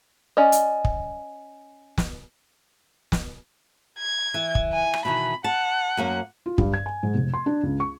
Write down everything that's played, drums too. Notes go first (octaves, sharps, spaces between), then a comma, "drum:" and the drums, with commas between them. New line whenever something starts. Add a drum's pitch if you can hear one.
C#4 D5 D#5
drum: hi-hat
drum: kick
drum: snare
drum: snare
G#6
E3
drum: kick
G#5
drum: rim click
B2 D#3 E3 B5
F#5 A5
F#2 A#3 C#4
F4
G2, drum: kick
G#6
G#5
G#2
F1
C6
D4
C#2
C#6